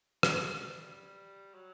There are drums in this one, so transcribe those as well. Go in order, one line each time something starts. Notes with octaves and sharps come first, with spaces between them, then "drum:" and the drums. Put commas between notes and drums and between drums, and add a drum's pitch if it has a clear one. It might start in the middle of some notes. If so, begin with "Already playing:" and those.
G3, drum: rim click
F#3